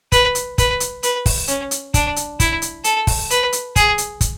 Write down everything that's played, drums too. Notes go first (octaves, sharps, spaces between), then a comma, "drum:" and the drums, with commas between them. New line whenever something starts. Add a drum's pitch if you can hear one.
B4, drum: kick, hi-hat
drum: hi-hat
B4, drum: kick, hi-hat
drum: hi-hat
B4, drum: hi-hat
drum: kick, open hi-hat
C#4, drum: hi-hat
drum: hi-hat
D4, drum: kick, hi-hat
drum: hi-hat
E4, drum: kick, hi-hat
drum: hi-hat
A4, drum: hi-hat
drum: kick, open hi-hat
B4, drum: hi-hat
drum: hi-hat
G#4, drum: kick, hi-hat
drum: hi-hat
drum: kick, hi-hat